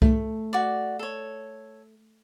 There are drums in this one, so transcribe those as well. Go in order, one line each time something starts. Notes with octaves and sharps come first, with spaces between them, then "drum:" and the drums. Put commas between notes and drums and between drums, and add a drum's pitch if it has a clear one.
A3, drum: kick C2
F#4 D5
A4 C#5